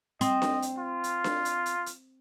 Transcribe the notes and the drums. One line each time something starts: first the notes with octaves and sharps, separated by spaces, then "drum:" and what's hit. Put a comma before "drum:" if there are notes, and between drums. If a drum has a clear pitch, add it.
C4 D#5, drum: hi-hat
drum: snare D4
drum: hi-hat
F4
drum: hi-hat
drum: snare D4
drum: hi-hat
drum: hi-hat
drum: hi-hat